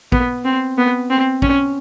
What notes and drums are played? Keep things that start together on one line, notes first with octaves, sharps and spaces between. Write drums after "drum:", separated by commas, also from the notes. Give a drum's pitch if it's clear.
B3, drum: kick
C4
B3
C4
C#4, drum: kick